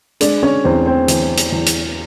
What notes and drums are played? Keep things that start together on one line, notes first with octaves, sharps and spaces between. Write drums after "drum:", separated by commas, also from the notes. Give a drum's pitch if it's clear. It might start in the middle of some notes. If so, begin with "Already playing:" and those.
G#3 D4 D5, drum: hi-hat
C#4 C#5
E2 C4 C5
C4 C5
E3, drum: hi-hat
drum: hi-hat
E2
drum: hi-hat